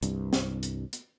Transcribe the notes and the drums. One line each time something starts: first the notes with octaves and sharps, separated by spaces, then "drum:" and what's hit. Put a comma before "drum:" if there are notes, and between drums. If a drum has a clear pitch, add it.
C2 G2, drum: hi-hat
drum: snare
drum: hi-hat
drum: hi-hat